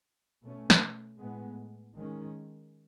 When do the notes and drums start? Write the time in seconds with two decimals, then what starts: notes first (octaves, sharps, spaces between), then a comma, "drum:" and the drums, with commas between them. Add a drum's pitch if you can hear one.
0.43 B2 A3 C#4
0.70 drum: snare
1.19 A2 G#3 B3
1.95 D#3 G#3 C#4